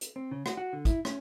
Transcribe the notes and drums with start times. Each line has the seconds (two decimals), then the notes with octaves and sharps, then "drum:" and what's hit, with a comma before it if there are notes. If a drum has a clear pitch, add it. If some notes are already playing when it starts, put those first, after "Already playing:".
0.01 drum: hi-hat
0.16 C4
0.31 C#3
0.46 F#4, drum: rim click
0.57 F#4
0.73 D3
0.85 E4, drum: kick, hi-hat
1.05 C#4, drum: rim click